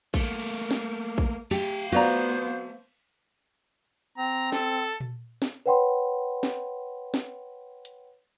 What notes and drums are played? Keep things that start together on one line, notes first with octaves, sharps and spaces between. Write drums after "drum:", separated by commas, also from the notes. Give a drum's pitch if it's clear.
A3 A#3, drum: kick
drum: cymbal
drum: snare
drum: kick
A3 G4 F5, drum: cymbal
B3 F4 F#4 C5 D5 A#5, drum: cymbal
C4 A#5
A4, drum: snare
drum: tom A#2
drum: snare
B4 C#5 F#5 G5 B5 C6
drum: snare
drum: snare
drum: hi-hat